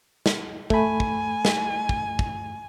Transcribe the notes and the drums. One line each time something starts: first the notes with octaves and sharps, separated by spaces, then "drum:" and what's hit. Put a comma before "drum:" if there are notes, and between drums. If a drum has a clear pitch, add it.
drum: snare
A3 G#5 B5, drum: kick
drum: kick
drum: snare
drum: kick
drum: kick